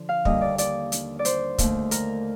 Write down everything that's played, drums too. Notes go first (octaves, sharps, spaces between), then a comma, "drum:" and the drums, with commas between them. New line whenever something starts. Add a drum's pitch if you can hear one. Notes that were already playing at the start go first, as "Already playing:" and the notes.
Already playing: D3 F3
F5
D#2 D3 G3 A#3 D#5, drum: kick
D5
D5, drum: hi-hat
drum: hi-hat
D5
C5, drum: hi-hat
D#2 D3 A3, drum: kick, hi-hat
A#4, drum: hi-hat